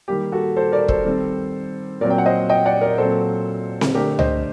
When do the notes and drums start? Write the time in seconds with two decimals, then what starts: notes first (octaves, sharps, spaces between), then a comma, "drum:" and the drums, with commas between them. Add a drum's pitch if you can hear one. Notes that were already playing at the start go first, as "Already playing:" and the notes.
0.08 D#3 G3 A#3 G4
0.32 F#4 A4
0.56 A4 C5
0.72 A#4 D5
0.88 A4 C5, drum: kick
1.05 D#3 G3 C4
2.01 A#2 F#3 C4 A#4 D5
2.10 G5
2.18 F#5
2.26 C5 D#5
2.49 D#5 G5
2.66 D5 F#5
2.81 A#4 D5
2.98 A#2 F#3 C4 A4 C5
3.81 drum: snare C4
3.94 D3 A3 D4 G4 A#4
4.19 C5 D#5, drum: tom C#2